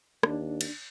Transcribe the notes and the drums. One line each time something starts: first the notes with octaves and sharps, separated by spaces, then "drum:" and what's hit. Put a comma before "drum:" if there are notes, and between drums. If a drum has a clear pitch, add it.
D#2 D4, drum: rim click
drum: cymbal